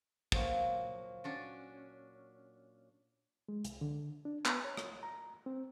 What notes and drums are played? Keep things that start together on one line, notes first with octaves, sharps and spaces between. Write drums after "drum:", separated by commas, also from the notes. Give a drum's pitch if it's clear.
A#2 F3 F#3 A#3 F#4, drum: kick
C#4 D4 F#4
G#3
C2, drum: hi-hat
D3
D4
B3, drum: clap
C#5
drum: rim click
A#5
C4